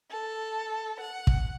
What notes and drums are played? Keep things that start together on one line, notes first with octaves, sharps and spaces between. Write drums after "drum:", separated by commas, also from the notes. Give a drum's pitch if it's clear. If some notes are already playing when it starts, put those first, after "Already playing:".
A4
F#5
drum: kick